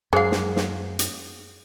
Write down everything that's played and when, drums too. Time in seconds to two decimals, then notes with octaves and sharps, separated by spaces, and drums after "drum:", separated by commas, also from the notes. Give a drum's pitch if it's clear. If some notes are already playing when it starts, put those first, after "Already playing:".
0.13 F#2 G#3 G#4 C5 F5 F#5
0.32 drum: snare
0.56 drum: snare
0.99 drum: hi-hat